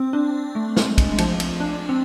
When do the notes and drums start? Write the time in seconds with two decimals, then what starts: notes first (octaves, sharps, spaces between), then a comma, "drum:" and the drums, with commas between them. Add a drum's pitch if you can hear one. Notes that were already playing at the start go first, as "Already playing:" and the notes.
Already playing: C4
0.13 D4
0.55 A3
0.76 G#3, drum: snare
0.98 drum: kick, cymbal
1.12 G#3
1.18 F3, drum: cymbal
1.40 drum: cymbal
1.60 D4
1.89 C4